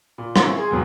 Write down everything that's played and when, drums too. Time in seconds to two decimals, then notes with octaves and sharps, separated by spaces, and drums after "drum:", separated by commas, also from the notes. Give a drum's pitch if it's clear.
0.18 A#2
0.36 C4 C#4 E4 F4 A#4 C#5, drum: rim click
0.57 G#4 C6
0.71 D#2 G#2 B2 F#3